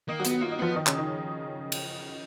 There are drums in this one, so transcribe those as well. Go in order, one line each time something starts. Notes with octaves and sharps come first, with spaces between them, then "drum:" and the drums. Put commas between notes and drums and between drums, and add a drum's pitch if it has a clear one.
D#3 A#3 D#4
F#3 F#4
B3, drum: hi-hat
F#4
A#3 F4
D#4
F3 B3 F4
D#3 D#4
C#3 C#4, drum: clap
D#3 D#4
drum: cymbal